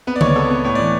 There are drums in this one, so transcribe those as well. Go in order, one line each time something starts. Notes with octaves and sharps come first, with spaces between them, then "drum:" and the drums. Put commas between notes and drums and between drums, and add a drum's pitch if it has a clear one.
B3 B4
D5
C#2 C#5, drum: tom D3
B3 A4
B3
A2 C#5
E3 D5